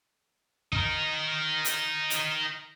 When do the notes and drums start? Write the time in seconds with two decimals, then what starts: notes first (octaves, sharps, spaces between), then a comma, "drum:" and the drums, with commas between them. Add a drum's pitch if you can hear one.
0.73 D#4 A#4, drum: kick
1.65 drum: hi-hat
2.10 drum: hi-hat